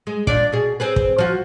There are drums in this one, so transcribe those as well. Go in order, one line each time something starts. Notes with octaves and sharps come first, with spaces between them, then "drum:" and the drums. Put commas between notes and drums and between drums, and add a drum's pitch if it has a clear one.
G#3
A#2 D4 D5, drum: kick
B2 G#4
C4 G#4 B4
drum: kick
F3 F#4